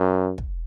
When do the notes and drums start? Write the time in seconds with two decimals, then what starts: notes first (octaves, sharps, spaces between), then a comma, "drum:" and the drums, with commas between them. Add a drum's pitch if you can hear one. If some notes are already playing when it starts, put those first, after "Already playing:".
Already playing: F#2
0.38 drum: kick